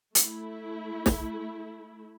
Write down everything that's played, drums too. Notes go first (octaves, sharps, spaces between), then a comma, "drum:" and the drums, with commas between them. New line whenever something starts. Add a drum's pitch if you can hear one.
A3 E4, drum: hi-hat
drum: snare